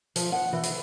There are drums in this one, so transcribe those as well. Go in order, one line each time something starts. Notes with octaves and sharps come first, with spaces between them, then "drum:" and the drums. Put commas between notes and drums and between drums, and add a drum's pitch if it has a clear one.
F3, drum: hi-hat
F#5
E3
drum: hi-hat